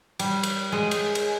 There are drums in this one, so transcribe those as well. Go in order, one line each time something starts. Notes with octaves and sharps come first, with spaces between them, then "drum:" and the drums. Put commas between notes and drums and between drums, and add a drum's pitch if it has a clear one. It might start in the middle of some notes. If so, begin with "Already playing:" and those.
G3, drum: cymbal
drum: cymbal
G#3
drum: cymbal
drum: cymbal